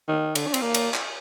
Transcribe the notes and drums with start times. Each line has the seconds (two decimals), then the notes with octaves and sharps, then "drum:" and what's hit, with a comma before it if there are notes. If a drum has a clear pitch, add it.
0.09 D#3
0.35 D3, drum: cymbal
0.47 D4
0.54 C4, drum: cymbal
0.62 A#3
0.74 drum: cymbal
0.94 drum: clap